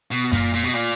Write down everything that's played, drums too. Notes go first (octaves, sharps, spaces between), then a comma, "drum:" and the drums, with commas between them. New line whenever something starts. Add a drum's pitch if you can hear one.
B2
A#2, drum: kick F#2, hi-hat
A#2
B2
A#2